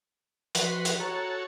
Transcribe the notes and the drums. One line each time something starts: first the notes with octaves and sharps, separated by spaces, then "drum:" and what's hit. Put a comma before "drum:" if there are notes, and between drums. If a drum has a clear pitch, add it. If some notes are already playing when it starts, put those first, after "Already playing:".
F3 F#4 B4 C6, drum: hi-hat
drum: hi-hat
F#4 A4 C#5 A#5